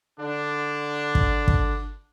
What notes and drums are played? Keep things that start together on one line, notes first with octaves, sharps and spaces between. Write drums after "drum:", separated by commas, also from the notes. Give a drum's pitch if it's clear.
D3 D4
drum: kick
drum: kick